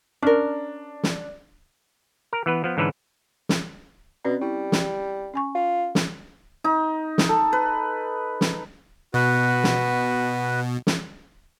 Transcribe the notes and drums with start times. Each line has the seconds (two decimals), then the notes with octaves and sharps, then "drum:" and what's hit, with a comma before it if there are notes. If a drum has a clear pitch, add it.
0.22 C#4 D4 A#4
1.03 drum: snare
2.33 A#4
2.46 E3 B3 B4
2.64 F3 B3
2.77 G#2 D3 E3 C#4 A4 B4
3.49 drum: snare
4.25 B2 C4 C#4 D5
4.41 G3 E4
4.72 drum: snare
5.34 C#4 G#5 C#6
5.55 F4
5.95 drum: snare
6.64 D#4
7.18 drum: snare
7.29 A4
7.53 B4
8.41 drum: snare
9.14 B2 F#4 B4
9.64 drum: snare
10.87 drum: snare